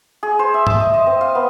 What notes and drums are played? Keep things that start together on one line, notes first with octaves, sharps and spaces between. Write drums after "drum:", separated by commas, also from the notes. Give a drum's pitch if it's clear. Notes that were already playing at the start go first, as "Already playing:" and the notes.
G#4
C5
E5
A5, drum: tom G2
D#5
D#5
C4
F5
B3